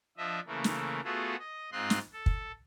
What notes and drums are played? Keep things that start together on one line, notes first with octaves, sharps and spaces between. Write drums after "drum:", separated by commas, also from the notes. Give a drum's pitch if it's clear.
F3 D4 D#5 E5
C#3 E3 A3 A#3
drum: snare
A3 B3 F4 F#4 G#4 A4
D#5
G#2 C4 F4 D#5 C6 F#6
drum: snare
A4
drum: kick